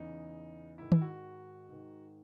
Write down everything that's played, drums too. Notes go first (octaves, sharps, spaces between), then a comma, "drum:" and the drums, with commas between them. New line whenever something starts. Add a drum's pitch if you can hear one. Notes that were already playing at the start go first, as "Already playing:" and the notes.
Already playing: E2 C#3 E3 D#4
G#2 D#3 E4
E4, drum: tom D#3
F#4
G#2 D#3